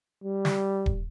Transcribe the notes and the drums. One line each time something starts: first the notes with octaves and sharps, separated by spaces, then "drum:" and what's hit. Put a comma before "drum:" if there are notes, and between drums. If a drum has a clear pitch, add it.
G3
drum: snare
drum: kick D#1